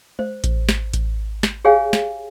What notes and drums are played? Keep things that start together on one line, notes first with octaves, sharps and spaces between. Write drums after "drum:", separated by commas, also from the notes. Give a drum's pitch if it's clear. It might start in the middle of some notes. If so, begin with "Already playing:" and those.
C5, drum: tom G#3
drum: kick A1, hi-hat
drum: snare
drum: kick A1, hi-hat
drum: snare
G4 G#4 C#5 F5 G5 G#5
drum: snare